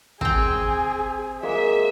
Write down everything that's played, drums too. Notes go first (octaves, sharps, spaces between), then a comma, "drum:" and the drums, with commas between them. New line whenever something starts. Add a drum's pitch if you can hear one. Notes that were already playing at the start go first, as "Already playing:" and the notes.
C4 G#4 G5, drum: kick
G#3 A#3 E5